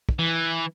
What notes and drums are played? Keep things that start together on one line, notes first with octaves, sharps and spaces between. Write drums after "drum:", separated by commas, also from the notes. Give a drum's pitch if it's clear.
drum: kick
E3